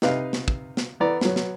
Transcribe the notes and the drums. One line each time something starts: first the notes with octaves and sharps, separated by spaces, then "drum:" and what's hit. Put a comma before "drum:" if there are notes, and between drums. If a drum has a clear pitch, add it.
C3 D#4 B4 D#5 F5, drum: snare
drum: snare
drum: kick
drum: snare
E3 B3 D5 A#5
F#3 B3, drum: snare
drum: snare